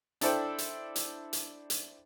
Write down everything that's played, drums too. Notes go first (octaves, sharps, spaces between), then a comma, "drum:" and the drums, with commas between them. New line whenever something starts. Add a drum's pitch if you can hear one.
D4 E4 A4 C5 D5 G5, drum: hi-hat
drum: hi-hat
drum: hi-hat
drum: hi-hat
drum: hi-hat